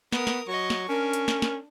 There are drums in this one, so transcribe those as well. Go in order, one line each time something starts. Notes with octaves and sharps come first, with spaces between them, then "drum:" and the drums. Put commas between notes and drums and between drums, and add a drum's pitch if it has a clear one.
B3 A#4 D#6, drum: snare
drum: snare
F#3 D#5 C#6
drum: snare
C#4 D4 A#4
drum: hi-hat
drum: snare
drum: snare